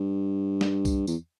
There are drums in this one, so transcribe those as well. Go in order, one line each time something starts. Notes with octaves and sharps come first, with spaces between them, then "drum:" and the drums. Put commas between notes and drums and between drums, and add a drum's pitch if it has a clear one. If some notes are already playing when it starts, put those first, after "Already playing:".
Already playing: G2
drum: snare
drum: kick C2, tambourine
E2, drum: tambourine